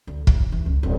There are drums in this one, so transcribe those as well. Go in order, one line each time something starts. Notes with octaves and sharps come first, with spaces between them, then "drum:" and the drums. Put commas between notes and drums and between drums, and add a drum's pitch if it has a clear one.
D2
D#2, drum: kick
E3
C#2
D1